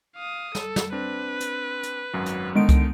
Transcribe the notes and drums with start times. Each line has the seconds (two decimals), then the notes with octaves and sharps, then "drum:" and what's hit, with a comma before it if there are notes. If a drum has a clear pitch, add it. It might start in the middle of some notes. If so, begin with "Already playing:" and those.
0.15 F5 D#6
0.55 A4, drum: snare
0.76 drum: snare
0.93 C4 D4 B4
1.40 drum: hi-hat
1.83 drum: hi-hat
2.13 G#1 F#2 F#3
2.26 drum: hi-hat
2.55 D3 D#3 G#3 B3 D#4 D7
2.69 drum: kick C2, hi-hat